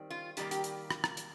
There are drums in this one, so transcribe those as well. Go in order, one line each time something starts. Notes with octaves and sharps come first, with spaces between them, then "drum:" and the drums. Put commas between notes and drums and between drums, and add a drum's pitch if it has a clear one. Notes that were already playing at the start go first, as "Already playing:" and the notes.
Already playing: D#3 G3 C4
F4
D#3 G3 A#3 G4, drum: hi-hat
G4, drum: hi-hat
drum: hi-hat
drum: rim click
drum: rim click
drum: hi-hat